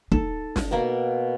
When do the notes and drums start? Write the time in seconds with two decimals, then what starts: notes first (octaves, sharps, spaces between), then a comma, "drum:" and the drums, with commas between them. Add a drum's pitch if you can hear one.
0.12 D#4 A4, drum: kick
0.56 drum: snare
0.71 B2 A#3